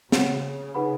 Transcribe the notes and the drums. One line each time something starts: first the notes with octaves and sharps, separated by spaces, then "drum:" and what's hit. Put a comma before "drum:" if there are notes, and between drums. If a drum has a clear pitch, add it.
C#3 F#4 C#5 F#5, drum: snare
D#4 G#4 B4 F#5 B5